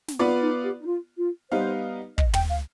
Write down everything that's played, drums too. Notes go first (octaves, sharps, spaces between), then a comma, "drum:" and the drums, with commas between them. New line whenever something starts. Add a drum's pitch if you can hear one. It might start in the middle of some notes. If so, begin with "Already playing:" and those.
drum: snare
B3 D#4 F4 B4 D5
D#4
G4
D#4
F4
F4
G3 B3 D#4 B4 C5 F5
D#5, drum: kick
G5, drum: tom
F5